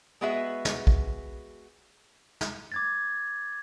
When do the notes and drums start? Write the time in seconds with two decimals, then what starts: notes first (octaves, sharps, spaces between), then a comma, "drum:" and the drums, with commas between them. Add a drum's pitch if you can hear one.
0.21 G#3 B3 F#4 G#4 B4 E5
0.65 drum: snare
0.87 drum: kick
2.41 drum: snare
2.72 D6 G#6 A6